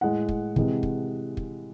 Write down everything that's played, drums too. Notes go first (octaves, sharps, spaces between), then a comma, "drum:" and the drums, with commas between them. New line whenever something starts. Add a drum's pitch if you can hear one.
A2 G#3 F#5
drum: kick
C3 E3 G#3, drum: kick
drum: kick
drum: kick